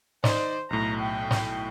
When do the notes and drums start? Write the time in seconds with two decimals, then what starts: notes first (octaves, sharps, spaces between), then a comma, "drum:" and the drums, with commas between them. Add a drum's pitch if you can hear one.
0.24 D#4 C5 D5 D#5, drum: snare
0.70 B1 A2 A#5
1.00 G5
1.31 drum: snare